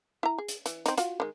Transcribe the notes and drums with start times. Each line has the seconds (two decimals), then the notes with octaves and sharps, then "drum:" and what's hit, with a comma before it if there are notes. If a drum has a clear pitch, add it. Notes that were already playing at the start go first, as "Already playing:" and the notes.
0.23 E4 A#5
0.38 G#4
0.48 drum: hi-hat
0.66 E3, drum: hi-hat
0.86 C4 D#4, drum: hi-hat
0.98 F4 F#4, drum: hi-hat
1.20 D#3 G#3